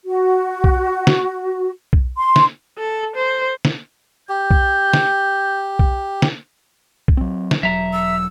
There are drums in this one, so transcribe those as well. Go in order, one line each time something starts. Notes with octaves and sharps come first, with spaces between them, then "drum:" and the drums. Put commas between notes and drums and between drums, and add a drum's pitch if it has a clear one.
F#4
drum: kick B1
drum: snare
drum: kick B1
C6
drum: snare
A4
C5
drum: snare
G4 G6
drum: kick B1
drum: snare
drum: kick B1
drum: snare
drum: kick B1
F#3 C4
drum: snare
E1 F#3 E5 A#5
E6